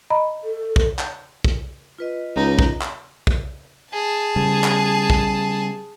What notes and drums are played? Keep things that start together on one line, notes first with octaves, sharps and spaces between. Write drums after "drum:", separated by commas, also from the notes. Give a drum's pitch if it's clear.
D#5 A#5 B5
A4
drum: kick
drum: clap
drum: kick
F4 B4 D#5
C#2 D#4
drum: kick
drum: clap
drum: kick
G#4 A5
C#3 G3
drum: clap
drum: kick